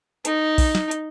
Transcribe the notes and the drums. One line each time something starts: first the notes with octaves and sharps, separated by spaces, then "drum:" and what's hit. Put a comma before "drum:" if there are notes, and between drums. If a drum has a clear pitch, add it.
D#4, drum: hi-hat
drum: kick, open hi-hat
drum: snare
drum: hi-hat